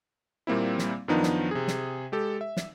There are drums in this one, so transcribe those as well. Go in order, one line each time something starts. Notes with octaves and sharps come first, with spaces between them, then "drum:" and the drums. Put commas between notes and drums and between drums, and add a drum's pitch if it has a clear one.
A#2 G3 A#3 C4 E4
drum: snare
F#2 D#3 F3 B3 D4 D#4
drum: snare
C3 G#4
drum: snare
G#3 G4 A4
E5
drum: snare